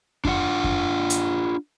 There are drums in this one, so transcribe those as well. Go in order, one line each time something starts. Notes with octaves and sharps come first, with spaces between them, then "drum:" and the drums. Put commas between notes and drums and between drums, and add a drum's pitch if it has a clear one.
D4 F4 F#5, drum: kick F2
drum: kick F2
drum: hi-hat